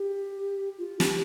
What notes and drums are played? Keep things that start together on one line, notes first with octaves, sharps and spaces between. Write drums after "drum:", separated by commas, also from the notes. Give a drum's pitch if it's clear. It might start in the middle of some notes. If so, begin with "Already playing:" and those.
Already playing: G4
F4
G4, drum: snare